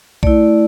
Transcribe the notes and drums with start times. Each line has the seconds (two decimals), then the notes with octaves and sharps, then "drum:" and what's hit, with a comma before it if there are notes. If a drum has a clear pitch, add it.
0.23 A3 E4 D5, drum: kick B1